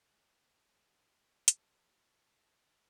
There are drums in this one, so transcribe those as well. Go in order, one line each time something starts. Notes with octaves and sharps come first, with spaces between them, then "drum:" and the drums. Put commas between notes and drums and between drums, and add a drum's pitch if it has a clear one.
G#4 A#4 C#5 G#5 A5
drum: hi-hat